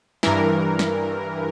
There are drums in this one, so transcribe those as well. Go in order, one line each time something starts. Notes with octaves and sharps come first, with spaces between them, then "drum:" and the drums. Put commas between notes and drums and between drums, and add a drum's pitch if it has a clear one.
G2 E3 A#4, drum: snare
drum: snare